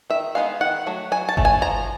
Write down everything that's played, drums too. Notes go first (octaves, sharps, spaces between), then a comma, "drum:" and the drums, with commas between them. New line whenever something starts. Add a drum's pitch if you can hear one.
D#3 E5
G#3 B3 D#4 F5
D#3 F#5
F#3 A3
F#3 G#5
A5
A3 C#4, drum: kick G1
G#5
F3 A#5